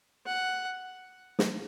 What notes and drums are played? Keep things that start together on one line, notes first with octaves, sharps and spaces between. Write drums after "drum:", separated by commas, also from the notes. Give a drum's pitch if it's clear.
F#5
drum: snare